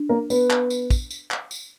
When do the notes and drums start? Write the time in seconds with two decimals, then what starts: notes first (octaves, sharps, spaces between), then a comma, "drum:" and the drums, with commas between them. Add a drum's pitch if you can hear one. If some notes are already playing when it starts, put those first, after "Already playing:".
Already playing: D4
0.09 A#3 A#4
0.30 B3 B4, drum: tambourine
0.50 drum: clap
0.70 drum: tambourine
0.90 drum: kick, tambourine
1.11 drum: tambourine
1.31 drum: clap
1.51 drum: tambourine